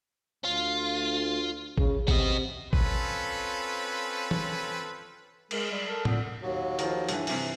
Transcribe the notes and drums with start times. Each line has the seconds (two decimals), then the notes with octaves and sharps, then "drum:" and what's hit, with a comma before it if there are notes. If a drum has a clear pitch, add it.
0.45 D2 F4
1.78 C#3, drum: kick A1
2.08 C3 F#4 D#5, drum: kick A1
2.73 C4 C#4 F4 A4 B4, drum: kick A1
4.31 drum: tom
5.51 G#3 G#4 A#4, drum: cymbal
5.70 G3 G#3
5.87 A4 A#4
6.05 A#2 D3 B3 C4, drum: tom A2
6.43 D#2 F#3
6.79 D#3 F3, drum: hi-hat
7.09 G2 D3 E3, drum: hi-hat
7.27 G2 C3 E3, drum: open hi-hat